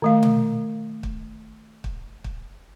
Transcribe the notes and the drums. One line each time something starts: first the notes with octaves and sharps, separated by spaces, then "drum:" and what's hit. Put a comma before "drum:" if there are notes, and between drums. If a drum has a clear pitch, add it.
D#3 A3 F5
drum: tom B2
drum: kick
drum: kick
drum: kick